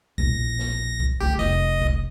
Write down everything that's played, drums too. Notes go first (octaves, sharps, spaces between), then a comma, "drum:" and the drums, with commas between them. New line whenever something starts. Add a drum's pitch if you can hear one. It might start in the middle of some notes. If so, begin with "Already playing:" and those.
E1 A#1 A#6, drum: kick B1
drum: snare
drum: kick B1
D2 D3 G4
F1 D#5, drum: snare
drum: kick B1